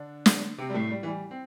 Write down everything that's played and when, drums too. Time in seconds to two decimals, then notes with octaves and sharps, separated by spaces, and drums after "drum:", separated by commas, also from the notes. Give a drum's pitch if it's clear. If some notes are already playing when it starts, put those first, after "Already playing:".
Already playing: D3 D4
0.26 drum: snare
0.58 C3 C4
0.70 G3
0.74 A2 A3
0.91 G3
1.03 E3
1.07 G3
1.31 C4